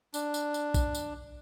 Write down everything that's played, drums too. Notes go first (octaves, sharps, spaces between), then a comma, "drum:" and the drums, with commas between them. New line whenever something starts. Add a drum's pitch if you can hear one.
D4, drum: tambourine
drum: tambourine
drum: tambourine
drum: kick A#1, tambourine
drum: tambourine